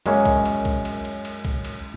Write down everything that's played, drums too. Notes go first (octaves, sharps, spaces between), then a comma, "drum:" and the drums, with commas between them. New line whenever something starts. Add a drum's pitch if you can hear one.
F#2 G#3 A#3 C#4, drum: cymbal
drum: kick B1, cymbal
drum: cymbal
drum: kick B1, cymbal
drum: cymbal
drum: cymbal
drum: cymbal
drum: kick B1, cymbal
drum: cymbal